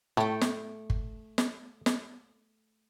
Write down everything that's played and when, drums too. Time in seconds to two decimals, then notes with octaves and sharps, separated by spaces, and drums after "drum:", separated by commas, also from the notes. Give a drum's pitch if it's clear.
0.17 A2 A3 G5
0.41 drum: snare
0.90 drum: kick G1
1.38 drum: snare
1.86 drum: snare